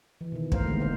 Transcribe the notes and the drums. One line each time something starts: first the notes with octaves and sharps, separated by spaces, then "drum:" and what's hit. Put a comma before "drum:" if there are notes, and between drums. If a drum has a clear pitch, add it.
E3
B2 D#3
A3 A#4 C5 F5, drum: kick
A#2 D3 D#3 G#3 A#3 B3
C5 F5